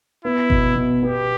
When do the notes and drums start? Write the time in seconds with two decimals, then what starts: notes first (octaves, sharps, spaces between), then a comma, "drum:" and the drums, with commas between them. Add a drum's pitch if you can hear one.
0.25 B3 E4
0.50 B2, drum: kick G1
0.76 B2
1.02 B3 G4